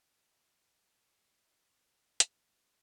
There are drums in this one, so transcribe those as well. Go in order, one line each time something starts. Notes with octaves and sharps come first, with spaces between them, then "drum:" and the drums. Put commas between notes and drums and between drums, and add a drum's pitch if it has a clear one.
A#3 E4
F#5
drum: hi-hat
A3 D#5